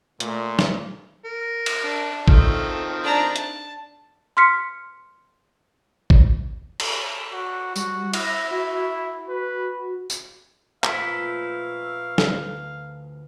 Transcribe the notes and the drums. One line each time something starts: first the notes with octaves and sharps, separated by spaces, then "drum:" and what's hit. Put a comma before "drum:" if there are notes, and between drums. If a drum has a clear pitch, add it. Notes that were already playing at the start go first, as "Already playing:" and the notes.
A#2 A3, drum: hi-hat
drum: snare
A#4
drum: cymbal
D4
D#3 F3 A3 C4 A4, drum: kick A1
D4 A#5
A5, drum: hi-hat
C6 F6 B6 C#7
drum: kick A1
drum: cymbal
F#4
G3 F#4, drum: tambourine
E4 A#6, drum: cymbal
F#4
B4
drum: tambourine
A#2 F3 A3 E4 A#4 B4 F5, drum: clap
D2 A4, drum: snare